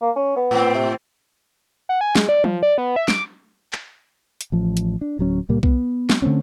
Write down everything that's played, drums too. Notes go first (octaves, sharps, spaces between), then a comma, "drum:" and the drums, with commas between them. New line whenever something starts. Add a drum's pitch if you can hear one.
A#3
C#4
B3
A2 C4
C3
F#5
G#5
G#3, drum: snare
D5
F3, drum: tom F#3
D5
B3
E5
D6, drum: snare
drum: clap
drum: hi-hat
A1 F3
drum: hi-hat
D4
D1 F#3 C#4
C#2 A#2 G3 A#3
B3, drum: kick B1
drum: snare
D3 A3 C4 C#4